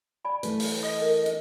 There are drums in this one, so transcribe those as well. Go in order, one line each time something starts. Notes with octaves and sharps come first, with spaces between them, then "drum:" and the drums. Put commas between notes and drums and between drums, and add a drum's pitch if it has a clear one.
D5 G#5 B5
E3 A3 B4, drum: hi-hat
drum: open hi-hat
D#5 D#6
A#4
drum: hi-hat